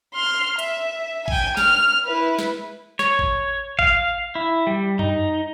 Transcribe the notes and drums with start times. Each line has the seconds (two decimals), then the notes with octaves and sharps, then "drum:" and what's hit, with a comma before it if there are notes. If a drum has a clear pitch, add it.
0.15 C6 F6
0.59 E5, drum: hi-hat
1.28 G5 G#5, drum: kick G#1
1.57 F6, drum: snare
2.05 E4 B4
2.39 drum: snare
2.99 C#5, drum: snare
3.19 drum: kick G#1
3.79 F5, drum: kick G#1
4.35 E4
4.67 G3
4.99 D#4, drum: tom F#2